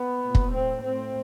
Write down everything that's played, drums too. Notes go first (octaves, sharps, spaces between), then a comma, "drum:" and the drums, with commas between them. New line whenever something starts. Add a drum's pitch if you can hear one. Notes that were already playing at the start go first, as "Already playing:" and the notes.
Already playing: B3
A#2
drum: kick
A2 C4
A2 C4